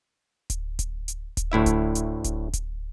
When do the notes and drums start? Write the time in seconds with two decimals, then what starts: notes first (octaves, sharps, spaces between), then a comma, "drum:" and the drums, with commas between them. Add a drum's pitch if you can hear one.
0.50 drum: kick D1, hi-hat
0.79 drum: kick D1, hi-hat
1.08 drum: hi-hat
1.37 drum: kick D1, hi-hat
1.52 D2 A2 E4 E5
1.66 drum: kick D1, hi-hat
1.95 drum: hi-hat
2.24 drum: kick D1, hi-hat
2.53 drum: kick D1, hi-hat